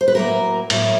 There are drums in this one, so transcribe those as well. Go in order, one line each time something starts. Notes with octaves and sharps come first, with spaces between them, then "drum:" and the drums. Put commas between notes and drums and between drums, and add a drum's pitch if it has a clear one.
C5
B4
A2 F#3 A#3 A#4
A2 F#3 A#3, drum: cymbal